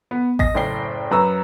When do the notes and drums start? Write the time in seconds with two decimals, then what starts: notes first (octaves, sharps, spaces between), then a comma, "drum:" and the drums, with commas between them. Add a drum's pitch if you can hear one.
0.11 B3
0.39 D#5 A#6, drum: kick A1
0.54 F#1 A2 D5 G5 C7 G7
1.11 F#2 B4 A#5 C#6 E6